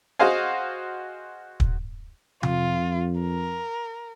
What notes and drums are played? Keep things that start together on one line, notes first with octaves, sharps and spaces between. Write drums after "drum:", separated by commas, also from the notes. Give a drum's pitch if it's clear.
F#4 G#4 C5 D#5 F5 G#5
drum: kick
F2 F4, drum: tom C3
A#4